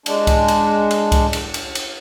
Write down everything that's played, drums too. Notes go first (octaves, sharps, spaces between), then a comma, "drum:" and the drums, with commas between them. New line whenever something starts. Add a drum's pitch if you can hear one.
G#3 D4, drum: cymbal
drum: kick C2, cymbal
drum: cymbal
drum: cymbal
drum: kick C2, cymbal
drum: cymbal
drum: cymbal
drum: cymbal